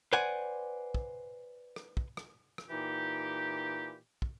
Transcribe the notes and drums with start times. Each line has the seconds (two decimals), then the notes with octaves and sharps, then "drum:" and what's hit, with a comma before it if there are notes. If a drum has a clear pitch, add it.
0.13 B4 C5 D5 F#5 G#5
0.95 drum: kick
1.76 drum: rim click
1.97 drum: kick
2.17 drum: rim click
2.58 drum: rim click
2.70 A#2 E3 D#4 G4
4.22 drum: kick